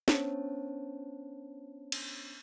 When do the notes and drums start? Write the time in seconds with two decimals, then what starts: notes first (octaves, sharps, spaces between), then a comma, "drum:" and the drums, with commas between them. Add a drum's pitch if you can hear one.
0.08 B3 C#4 D4 C5 C#5 A5, drum: snare
1.92 drum: cymbal